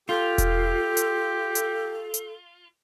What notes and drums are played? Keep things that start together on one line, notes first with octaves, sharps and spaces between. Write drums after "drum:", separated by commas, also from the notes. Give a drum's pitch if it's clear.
F4 G4 A4
drum: kick E1, hi-hat
drum: hi-hat
drum: hi-hat
drum: hi-hat